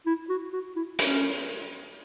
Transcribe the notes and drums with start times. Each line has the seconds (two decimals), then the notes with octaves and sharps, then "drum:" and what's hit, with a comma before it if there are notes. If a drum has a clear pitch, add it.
0.06 E4
0.29 F#4
0.53 F#4
0.76 E4
0.99 C#4, drum: hi-hat